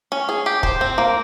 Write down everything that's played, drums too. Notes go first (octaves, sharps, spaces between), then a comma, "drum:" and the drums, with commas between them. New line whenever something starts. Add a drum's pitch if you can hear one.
C#4
G#4
G4
C5, drum: kick
C4
A#3